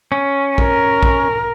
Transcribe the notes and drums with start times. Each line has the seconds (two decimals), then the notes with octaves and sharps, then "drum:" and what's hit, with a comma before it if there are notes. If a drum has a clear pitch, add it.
0.12 C#4
0.58 A#4, drum: kick A#1
1.03 drum: kick A#1